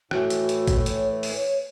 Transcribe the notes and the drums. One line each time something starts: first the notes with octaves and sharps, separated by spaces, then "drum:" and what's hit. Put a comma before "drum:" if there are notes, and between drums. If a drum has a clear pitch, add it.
A2 E3 A3 F#4, drum: rim click
drum: hi-hat
drum: hi-hat
drum: kick, hi-hat
C#5, drum: hi-hat
B4
drum: open hi-hat
C#5